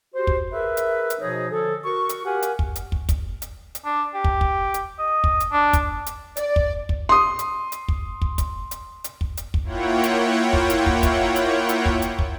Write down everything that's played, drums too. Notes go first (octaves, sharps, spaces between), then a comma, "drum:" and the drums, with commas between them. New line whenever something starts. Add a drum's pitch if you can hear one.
F#4 G4 C5
drum: kick
G#4 A#4 B4 E5
drum: hi-hat
drum: hi-hat
B2 F3 D#4 G#4 C#5
D3 F3 G#4 A4
F#4 A#4 C#6
drum: hi-hat
G4 A#4 F5 F#5 G#5
drum: hi-hat
drum: kick
drum: hi-hat
drum: kick
drum: kick, hi-hat
drum: hi-hat
drum: hi-hat
D4
G4
drum: kick
drum: kick
drum: hi-hat
D#5
drum: kick
drum: hi-hat
D4
drum: kick, hi-hat
drum: hi-hat
D5, drum: hi-hat
drum: kick
drum: kick
C6 D#6
drum: hi-hat
drum: hi-hat
drum: kick
drum: kick
drum: kick, hi-hat
drum: hi-hat
drum: hi-hat
drum: kick
drum: hi-hat
drum: kick
A#3 E4 F4 C#5 F#5 G5
drum: hi-hat
drum: kick
drum: hi-hat
drum: kick
drum: kick, hi-hat
drum: hi-hat
drum: hi-hat
drum: kick
drum: hi-hat
drum: kick